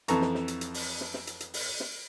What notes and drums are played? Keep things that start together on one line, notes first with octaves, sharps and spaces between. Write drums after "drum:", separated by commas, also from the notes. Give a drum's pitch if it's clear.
F2 E3 A4 A#5 C#6, drum: hi-hat
drum: snare
drum: snare
drum: hi-hat
drum: hi-hat
drum: open hi-hat
drum: snare
drum: snare
drum: hi-hat
drum: hi-hat
drum: open hi-hat
drum: snare